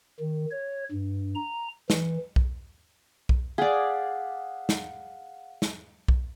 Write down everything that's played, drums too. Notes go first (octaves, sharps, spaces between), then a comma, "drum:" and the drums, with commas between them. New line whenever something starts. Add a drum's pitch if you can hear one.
D#3
C#5
G2
A#5
E3, drum: snare
drum: kick B1
drum: kick B1
G#4 D5 F5 F#5
drum: snare
drum: snare
drum: kick B1